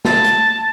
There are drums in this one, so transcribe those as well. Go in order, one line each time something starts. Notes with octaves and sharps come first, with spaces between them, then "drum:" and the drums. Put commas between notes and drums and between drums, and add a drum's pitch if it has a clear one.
A5, drum: snare
drum: hi-hat